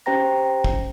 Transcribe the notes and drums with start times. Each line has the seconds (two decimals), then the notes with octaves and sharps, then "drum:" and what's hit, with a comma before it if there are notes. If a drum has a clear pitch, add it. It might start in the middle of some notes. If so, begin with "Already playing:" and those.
0.06 C#4 G4 C5 G5 A#5 A#6
0.64 drum: kick